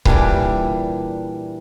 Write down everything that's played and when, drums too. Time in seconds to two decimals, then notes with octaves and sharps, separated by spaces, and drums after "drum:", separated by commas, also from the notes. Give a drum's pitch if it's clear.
0.05 A#2 E3 G3 D4, drum: kick C#1